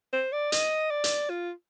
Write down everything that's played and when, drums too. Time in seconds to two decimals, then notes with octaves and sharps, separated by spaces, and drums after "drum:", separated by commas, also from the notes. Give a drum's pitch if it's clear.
0.13 C5
0.32 D5
0.52 D#5, drum: hi-hat
0.91 D5
1.04 drum: hi-hat
1.30 F4